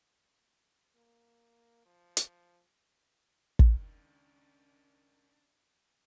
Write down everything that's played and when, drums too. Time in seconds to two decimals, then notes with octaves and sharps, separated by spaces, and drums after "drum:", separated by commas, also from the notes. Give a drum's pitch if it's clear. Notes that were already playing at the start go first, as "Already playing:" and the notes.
0.95 A#3
1.86 F3
2.17 drum: hi-hat
3.59 C#2 D#3 C#4 D4, drum: kick